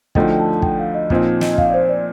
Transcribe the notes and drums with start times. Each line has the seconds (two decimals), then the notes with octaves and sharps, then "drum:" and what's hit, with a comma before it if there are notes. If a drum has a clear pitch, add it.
0.15 D2 D3 F3 A3 D#4 G5, drum: kick
0.31 G5
0.39 A5
0.62 G5, drum: kick
0.79 F5
0.94 D#5
1.10 A#2 F3 C4 D#4, drum: kick
1.41 D#5, drum: snare
1.54 D#5
1.58 F5, drum: kick
1.69 D5
1.74 C5
1.89 D5